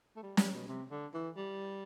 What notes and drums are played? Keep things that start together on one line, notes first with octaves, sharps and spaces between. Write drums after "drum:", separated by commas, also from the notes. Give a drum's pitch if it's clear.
A3
G3
G3, drum: snare
B2
C3
D3
E3
G3